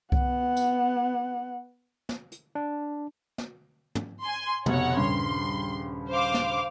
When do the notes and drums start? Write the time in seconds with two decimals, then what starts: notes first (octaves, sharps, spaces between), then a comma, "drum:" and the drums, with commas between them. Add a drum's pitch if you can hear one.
0.12 B3 F#5, drum: kick C2
0.57 drum: tambourine
2.09 drum: snare
2.32 drum: hi-hat
2.55 D4
3.38 drum: snare
3.95 drum: tom
4.25 G#5 C6
4.66 F1 B2 C#5 F#5, drum: tom
4.96 D#1 G2 C#3 C6
6.10 C5 F5 D6
6.34 drum: snare